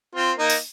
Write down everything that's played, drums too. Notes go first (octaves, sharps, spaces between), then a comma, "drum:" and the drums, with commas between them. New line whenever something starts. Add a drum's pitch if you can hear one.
C4 F4
A#3 D#4
drum: open hi-hat